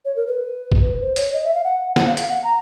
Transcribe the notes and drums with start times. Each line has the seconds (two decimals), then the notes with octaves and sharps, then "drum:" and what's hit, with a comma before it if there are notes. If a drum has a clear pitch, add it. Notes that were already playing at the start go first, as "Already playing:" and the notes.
0.05 C#5
0.16 A#4
0.27 B4
0.72 drum: kick
1.01 C5
1.16 C#5, drum: hi-hat
1.33 D#5
1.44 E5
1.54 F5
1.64 F#5
1.96 F#5, drum: snare
2.07 F5
2.17 F5, drum: hi-hat
2.29 F#5
2.44 A#5